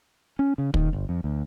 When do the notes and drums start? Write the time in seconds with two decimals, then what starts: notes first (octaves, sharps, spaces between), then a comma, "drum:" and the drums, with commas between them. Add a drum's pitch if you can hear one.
0.39 C#4
0.58 C#3
0.74 D#3, drum: kick
0.93 G1
1.09 F2
1.24 D2